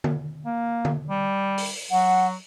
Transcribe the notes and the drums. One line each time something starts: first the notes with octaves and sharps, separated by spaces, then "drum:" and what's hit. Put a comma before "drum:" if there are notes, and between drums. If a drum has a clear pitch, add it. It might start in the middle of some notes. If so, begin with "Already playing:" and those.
drum: tom D3
A#3
drum: tom D3
G3
drum: open hi-hat
F#3 F#5